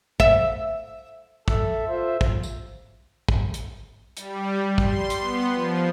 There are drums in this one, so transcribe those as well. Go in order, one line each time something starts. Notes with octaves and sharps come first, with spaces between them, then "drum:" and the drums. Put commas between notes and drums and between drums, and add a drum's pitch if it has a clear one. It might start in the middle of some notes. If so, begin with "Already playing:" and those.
E5, drum: kick
A4 E5, drum: kick
F4 C5 E5
drum: kick
drum: tambourine
drum: kick
drum: hi-hat
G3, drum: hi-hat
C6, drum: kick
drum: hi-hat
B3
F3